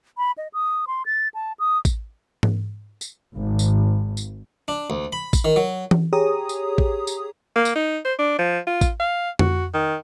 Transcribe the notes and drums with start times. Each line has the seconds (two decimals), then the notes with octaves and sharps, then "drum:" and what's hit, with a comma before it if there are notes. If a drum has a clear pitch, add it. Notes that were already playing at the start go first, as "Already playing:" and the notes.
0.18 B5
0.38 D#5
0.53 D#6
0.87 C6
1.06 A6
1.34 A5
1.60 D#6
1.85 drum: kick A1, tambourine
2.43 drum: tom G#2
3.01 drum: tambourine
3.36 G#1
3.59 drum: tambourine
4.17 drum: tambourine
4.68 D4
4.90 D2
5.13 B5
5.33 drum: kick A1, tambourine
5.45 D#3
5.56 F#3
5.91 drum: tom E3
6.13 G4 G#4 C#5 A#5 D#6
6.49 drum: tambourine
6.78 drum: kick A1
7.07 drum: tambourine
7.56 A#3
7.65 drum: tambourine
7.76 D#4
8.05 C5
8.19 D4
8.39 F3
8.67 F4
8.81 drum: kick A1, tambourine
9.00 F5
9.39 F#4, drum: tom F2
9.74 D#3